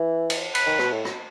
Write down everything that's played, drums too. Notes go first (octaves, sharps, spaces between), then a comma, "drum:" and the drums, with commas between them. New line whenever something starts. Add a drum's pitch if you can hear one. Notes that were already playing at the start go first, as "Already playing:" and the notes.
Already playing: E3
drum: cymbal
B4, drum: cymbal
D#3
B2, drum: rim click
A2
drum: rim click